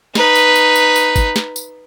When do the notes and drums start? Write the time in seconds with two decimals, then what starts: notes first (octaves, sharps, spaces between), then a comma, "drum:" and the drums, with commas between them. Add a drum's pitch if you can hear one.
0.15 D#4 B4, drum: snare
0.35 drum: tambourine
0.56 drum: tambourine
0.76 drum: tambourine
0.96 drum: tambourine
1.16 drum: kick G#1, tambourine
1.36 drum: snare
1.56 drum: tambourine